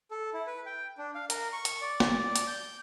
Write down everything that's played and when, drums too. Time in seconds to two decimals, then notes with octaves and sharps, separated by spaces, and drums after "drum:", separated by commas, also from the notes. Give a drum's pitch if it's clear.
0.11 A4
0.34 E4
0.47 B4
0.66 G5
0.98 D4
1.15 F5
1.30 A#4, drum: hi-hat
1.53 C#6
1.65 drum: hi-hat
1.81 D5
2.00 drum: snare
2.18 D5
2.36 drum: hi-hat
2.47 G6